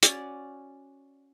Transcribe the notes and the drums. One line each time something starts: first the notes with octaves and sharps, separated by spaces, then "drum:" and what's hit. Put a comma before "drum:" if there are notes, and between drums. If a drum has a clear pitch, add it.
C#4 F#4 D5, drum: hi-hat